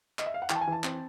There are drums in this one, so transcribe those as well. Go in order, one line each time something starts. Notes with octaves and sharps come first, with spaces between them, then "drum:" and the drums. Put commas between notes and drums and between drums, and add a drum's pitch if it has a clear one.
D#5, drum: clap
E5
F5
F#5
E3 G5, drum: clap
A5
G#5
E3 A5
C4, drum: clap